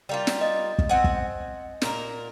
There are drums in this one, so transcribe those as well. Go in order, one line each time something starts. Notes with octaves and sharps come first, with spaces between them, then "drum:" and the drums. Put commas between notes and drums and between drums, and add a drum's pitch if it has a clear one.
G3 A#3 F4
drum: snare
D#5
drum: kick
C4 F#5 G#5
drum: kick
A#2 A#4, drum: snare